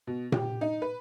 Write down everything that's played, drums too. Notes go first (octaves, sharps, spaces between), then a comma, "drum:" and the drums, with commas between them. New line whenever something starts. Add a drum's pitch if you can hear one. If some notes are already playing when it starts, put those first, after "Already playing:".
B2
G4, drum: tom A#2
D#4
B4